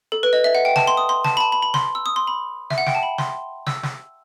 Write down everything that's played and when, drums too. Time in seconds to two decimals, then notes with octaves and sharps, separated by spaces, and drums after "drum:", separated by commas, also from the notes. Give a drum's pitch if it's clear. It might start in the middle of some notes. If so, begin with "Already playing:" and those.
0.12 A4
0.23 B4
0.33 D#5
0.44 E5
0.55 F#5
0.65 G5
0.76 A5, drum: snare
0.87 C6
0.97 D#6
1.09 C6
1.24 A5, drum: snare
1.37 B5
1.40 A5
1.52 B5
1.63 B5
1.74 C6, drum: snare
1.95 E6
2.06 D#6
2.16 C6
2.27 B5
2.70 E5, drum: snare
2.78 F#5
2.86 G5, drum: snare
2.95 A5
3.03 B5
3.18 C6, drum: snare
3.67 E6, drum: snare
3.83 drum: snare